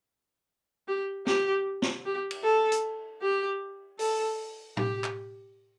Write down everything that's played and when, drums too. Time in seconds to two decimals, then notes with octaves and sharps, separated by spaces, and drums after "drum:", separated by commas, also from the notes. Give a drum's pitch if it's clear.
0.88 G4
1.27 G4, drum: snare
1.82 drum: snare
2.05 G4
2.31 drum: cymbal
2.43 A4
2.72 drum: hi-hat
3.22 G4
3.99 A4, drum: open hi-hat
4.77 G4, drum: tom A2
5.04 drum: clap